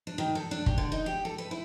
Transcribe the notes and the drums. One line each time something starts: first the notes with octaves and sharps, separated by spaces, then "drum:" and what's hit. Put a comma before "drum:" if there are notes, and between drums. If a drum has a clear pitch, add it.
D4
D#3
A4
D4
G4, drum: kick
D3
D#4
G4
A4
B4
E4